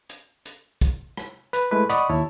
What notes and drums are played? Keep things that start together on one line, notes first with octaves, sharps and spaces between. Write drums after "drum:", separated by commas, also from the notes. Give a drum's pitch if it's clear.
drum: hi-hat
drum: hi-hat
drum: kick, hi-hat
drum: rim click
B4, drum: hi-hat
G#3 A3 E4 B4 B5
D5 D#5 F#5 B5 C#6 D#6, drum: hi-hat
D#2 E4 C#5 A5